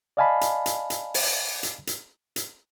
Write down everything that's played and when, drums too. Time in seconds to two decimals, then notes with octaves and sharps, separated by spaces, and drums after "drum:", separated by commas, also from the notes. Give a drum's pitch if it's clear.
0.17 D5 D#5 F5 G#5 A5 B5
0.41 drum: hi-hat
0.66 drum: hi-hat
0.90 drum: hi-hat
1.14 drum: open hi-hat
1.63 drum: hi-hat
1.87 drum: hi-hat
2.36 drum: hi-hat